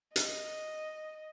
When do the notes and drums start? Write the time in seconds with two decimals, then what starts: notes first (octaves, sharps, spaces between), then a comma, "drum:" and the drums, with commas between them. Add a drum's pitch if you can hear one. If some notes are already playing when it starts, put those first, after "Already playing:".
0.16 D#5, drum: hi-hat